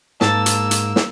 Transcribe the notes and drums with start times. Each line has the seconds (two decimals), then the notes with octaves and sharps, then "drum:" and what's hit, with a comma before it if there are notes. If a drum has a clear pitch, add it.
0.21 G#2 A#3 A5 E6, drum: snare
0.46 drum: hi-hat
0.71 drum: hi-hat
0.96 drum: snare